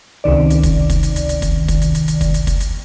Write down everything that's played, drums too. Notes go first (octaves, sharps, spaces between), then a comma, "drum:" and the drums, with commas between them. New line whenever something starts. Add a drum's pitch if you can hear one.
C#2 C3 D#3 D5
drum: hi-hat
drum: kick, hi-hat
drum: kick, hi-hat
drum: hi-hat
drum: hi-hat
drum: hi-hat
drum: kick, hi-hat
drum: kick, hi-hat
drum: hi-hat
drum: hi-hat
drum: hi-hat
drum: kick, hi-hat
drum: hi-hat
drum: kick, hi-hat
drum: hi-hat